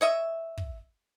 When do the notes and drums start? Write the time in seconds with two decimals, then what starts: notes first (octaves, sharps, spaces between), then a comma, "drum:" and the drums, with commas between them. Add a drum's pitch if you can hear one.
0.01 C#5 D#5 E5
0.58 drum: kick